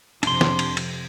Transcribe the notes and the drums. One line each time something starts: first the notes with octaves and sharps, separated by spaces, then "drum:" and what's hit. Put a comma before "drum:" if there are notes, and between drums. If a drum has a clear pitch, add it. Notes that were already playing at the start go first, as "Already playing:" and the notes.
F2 C3 D4 C6, drum: cymbal
drum: snare
drum: cymbal
drum: cymbal